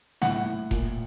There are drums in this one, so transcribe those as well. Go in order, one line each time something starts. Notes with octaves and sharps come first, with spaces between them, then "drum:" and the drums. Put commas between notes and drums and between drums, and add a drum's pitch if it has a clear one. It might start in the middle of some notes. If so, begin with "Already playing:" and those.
A2 F#5, drum: snare
A2
A#2, drum: kick F1, hi-hat